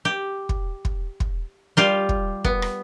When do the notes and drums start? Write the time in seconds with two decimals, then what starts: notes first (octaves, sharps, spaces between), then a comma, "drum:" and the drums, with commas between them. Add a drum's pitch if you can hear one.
0.05 G4
0.49 drum: kick
0.85 drum: kick
1.20 drum: kick
1.77 G3 F4 G4
2.09 drum: kick
2.45 B3, drum: kick
2.62 drum: rim click